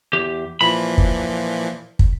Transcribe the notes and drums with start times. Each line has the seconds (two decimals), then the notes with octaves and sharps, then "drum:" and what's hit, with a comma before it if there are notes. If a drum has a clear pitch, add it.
0.13 E2 G4
0.61 A#2 E3 F3 B5
0.98 drum: kick
1.99 drum: kick